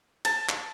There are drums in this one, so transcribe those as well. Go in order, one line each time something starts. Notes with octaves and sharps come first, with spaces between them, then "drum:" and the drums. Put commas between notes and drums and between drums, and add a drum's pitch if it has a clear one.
A5, drum: cymbal
drum: clap